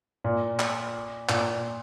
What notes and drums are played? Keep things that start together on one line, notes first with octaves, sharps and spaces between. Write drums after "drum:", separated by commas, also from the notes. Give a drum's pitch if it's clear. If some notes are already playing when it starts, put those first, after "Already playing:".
A#2
drum: clap
A#2, drum: clap